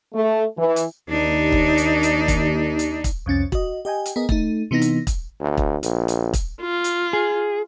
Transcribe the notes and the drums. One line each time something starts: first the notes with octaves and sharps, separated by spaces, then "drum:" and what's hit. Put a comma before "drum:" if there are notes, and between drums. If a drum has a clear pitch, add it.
A3
E3
drum: hi-hat
D#2 D4 D#4
drum: kick
drum: hi-hat
drum: hi-hat
drum: kick, hi-hat
drum: hi-hat
drum: kick, hi-hat
C2 F2 C#4 A6
F#4 D#5, drum: kick
G4 D#5 G5 G#5
drum: hi-hat
B3 G#4 A#4 D#5
A3 D#4, drum: kick
C3 E3 B3 D#4 A#6
drum: hi-hat
drum: kick, hi-hat
D2
drum: kick
A#1, drum: hi-hat
drum: hi-hat
drum: kick, hi-hat
F4
drum: hi-hat
G#4